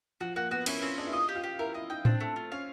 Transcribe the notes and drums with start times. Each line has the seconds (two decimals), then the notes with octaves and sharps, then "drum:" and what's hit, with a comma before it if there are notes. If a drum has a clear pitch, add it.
0.21 F3 F#4
0.36 A#3 F#4
0.51 B3 F#4
0.66 C#4 E4, drum: cymbal
0.81 C4 C#4
0.98 D4 G#4
1.07 E4
1.12 F4 D#5
1.29 G4
1.35 F4
1.43 G4
1.59 E4 A#4
1.74 E4 D#5
1.90 D#4 G5
2.05 C4 D4, drum: tom A2
2.20 A3
2.36 F4
2.52 C#4 F5